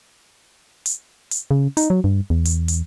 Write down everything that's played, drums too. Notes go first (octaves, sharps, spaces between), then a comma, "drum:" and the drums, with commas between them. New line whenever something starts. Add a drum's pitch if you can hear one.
drum: hi-hat
drum: hi-hat
C#3
D#4, drum: hi-hat
F#3
G2
E2
drum: hi-hat
drum: hi-hat